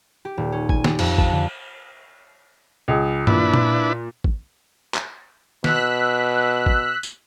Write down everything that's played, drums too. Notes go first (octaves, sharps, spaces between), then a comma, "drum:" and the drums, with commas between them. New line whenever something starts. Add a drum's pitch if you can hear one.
G4
D#1
C#4
G#5, drum: kick G#1
G4, drum: snare
F2, drum: cymbal
A5, drum: kick G#1
D3
C#2 G#4
A#2 D4 E4 B4, drum: tom G2
drum: tom A#2
drum: kick G#1
drum: clap
B2 E6 F#6 B6, drum: snare
drum: kick G#1
drum: tambourine